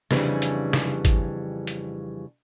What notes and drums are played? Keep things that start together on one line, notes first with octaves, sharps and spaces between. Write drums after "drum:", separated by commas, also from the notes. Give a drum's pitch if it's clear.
F2 C#3 E3 G3 C#4 D4, drum: snare
drum: hi-hat
drum: snare
drum: kick, hi-hat
drum: hi-hat